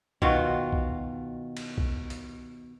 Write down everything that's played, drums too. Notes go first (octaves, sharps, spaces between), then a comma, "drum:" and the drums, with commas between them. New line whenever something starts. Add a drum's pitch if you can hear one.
B2 D#3 F4 F#4, drum: kick B1
drum: kick B1
drum: cymbal
drum: kick B1
drum: hi-hat